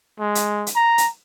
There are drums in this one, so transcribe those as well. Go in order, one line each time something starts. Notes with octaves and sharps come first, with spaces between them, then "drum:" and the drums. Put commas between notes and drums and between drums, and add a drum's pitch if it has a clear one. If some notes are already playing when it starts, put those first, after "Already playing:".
G#3
drum: hi-hat
drum: hi-hat
A#5
drum: hi-hat